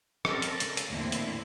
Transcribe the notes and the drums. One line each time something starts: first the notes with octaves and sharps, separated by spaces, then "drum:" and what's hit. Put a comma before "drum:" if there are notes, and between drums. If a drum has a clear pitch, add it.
C4 C#4 A4 A#4, drum: rim click
drum: hi-hat
C#3, drum: hi-hat
drum: hi-hat
D#2 A2 D3 E3 C4 E4
drum: hi-hat